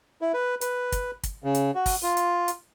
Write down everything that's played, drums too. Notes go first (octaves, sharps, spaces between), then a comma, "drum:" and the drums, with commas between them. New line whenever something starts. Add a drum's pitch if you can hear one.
E4
B4
B4, drum: hi-hat
drum: kick, hi-hat
drum: kick, hi-hat
C#3
drum: hi-hat
F#4
drum: kick, open hi-hat
F4
drum: hi-hat
drum: hi-hat